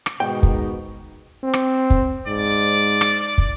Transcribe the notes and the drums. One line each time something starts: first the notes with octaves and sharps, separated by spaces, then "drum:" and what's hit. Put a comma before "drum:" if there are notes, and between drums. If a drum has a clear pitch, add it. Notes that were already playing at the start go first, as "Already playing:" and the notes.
drum: rim click
G#2 B2 D#3 D#4 G5
drum: kick
C4
drum: rim click
drum: kick
G#2 D5
drum: rim click
drum: kick